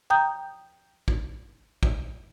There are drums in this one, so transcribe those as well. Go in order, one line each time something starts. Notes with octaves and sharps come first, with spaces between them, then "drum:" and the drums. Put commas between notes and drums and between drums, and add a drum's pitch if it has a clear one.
G5 A#5 D#6 G6
drum: kick
drum: kick